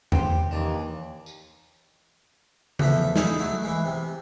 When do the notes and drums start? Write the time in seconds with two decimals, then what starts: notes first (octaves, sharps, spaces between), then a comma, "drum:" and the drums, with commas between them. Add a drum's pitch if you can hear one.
0.12 C3 G5 C6, drum: tom E2
0.51 D#2 E3 D4
1.26 drum: tambourine
2.79 E2 F3 A4 E5, drum: tom C#3
3.16 D#4 E4 G#4 A4, drum: snare
3.38 F#3 A3 E4
3.63 E3 G#3
3.85 C3